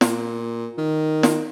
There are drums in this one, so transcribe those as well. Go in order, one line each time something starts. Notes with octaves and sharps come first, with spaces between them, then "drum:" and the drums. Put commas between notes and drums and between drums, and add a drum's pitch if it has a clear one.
A#2, drum: snare
D#3
drum: snare